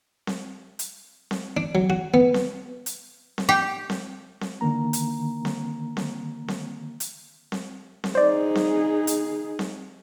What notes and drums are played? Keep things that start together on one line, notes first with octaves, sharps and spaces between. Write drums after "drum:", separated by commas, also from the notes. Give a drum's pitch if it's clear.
drum: snare C4
drum: hi-hat
drum: snare C4
D4
F#3
F#4
B3
drum: snare C4
drum: hi-hat
drum: snare C4
G4
drum: snare C4
drum: snare C4
D3 D#3 A#3 A#5
drum: hi-hat
drum: snare C4
drum: snare C4
drum: snare C4
drum: hi-hat
drum: snare C4
drum: snare C4
D#4 G#4 C5 D5
drum: snare C4
drum: hi-hat
drum: snare C4